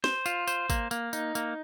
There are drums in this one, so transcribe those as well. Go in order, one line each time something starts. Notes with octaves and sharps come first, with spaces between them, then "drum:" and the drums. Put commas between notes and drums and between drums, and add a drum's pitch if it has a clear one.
C5, drum: snare
F4, drum: tambourine
C5, drum: tambourine
A#3, drum: kick, tambourine
A#3, drum: tambourine
D#4, drum: tambourine
A#3, drum: tambourine